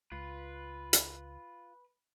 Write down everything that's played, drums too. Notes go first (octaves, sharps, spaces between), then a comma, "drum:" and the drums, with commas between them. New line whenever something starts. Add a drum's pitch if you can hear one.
C#2 F4 B4
drum: hi-hat